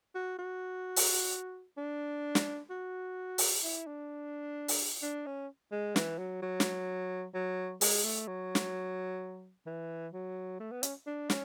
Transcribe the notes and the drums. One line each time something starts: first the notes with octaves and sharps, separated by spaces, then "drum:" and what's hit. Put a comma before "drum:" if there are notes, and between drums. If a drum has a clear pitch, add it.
F#4
F#4
drum: open hi-hat
D4
drum: snare
F#4
drum: open hi-hat
E4
D4
drum: open hi-hat
D4
C#4
G#3
E3, drum: snare
F#3
F#3
drum: snare
F#3
G#3, drum: open hi-hat
A3
F#3
drum: snare
E3
F#3
A3
B3
C#4, drum: hi-hat
D4
C#4, drum: snare